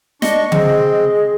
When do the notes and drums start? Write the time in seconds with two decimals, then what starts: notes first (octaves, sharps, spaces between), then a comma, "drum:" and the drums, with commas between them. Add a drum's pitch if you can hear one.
0.22 D4 D#5 C#6, drum: snare
0.52 C4 G#4, drum: tom C#3